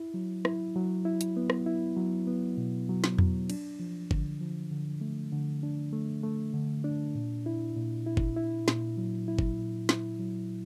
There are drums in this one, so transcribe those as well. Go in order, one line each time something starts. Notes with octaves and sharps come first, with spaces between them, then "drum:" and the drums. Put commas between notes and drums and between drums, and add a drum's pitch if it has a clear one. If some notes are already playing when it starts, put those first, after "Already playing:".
Already playing: E4
F#3
E4, drum: rim click
F#3
E4
drum: hi-hat
B3
drum: rim click
E4
F#3
B3
B2
F#3
drum: snare
F#3, drum: tom E2
D4, drum: cymbal
F3
D3, drum: kick
F3
D3
A3
D3
D4
A3
A3
D3
D4
A#2
E4
A#2
E4
drum: kick
E4
A#2, drum: snare
F#3
E4
drum: kick
A#2
E4, drum: snare
F#3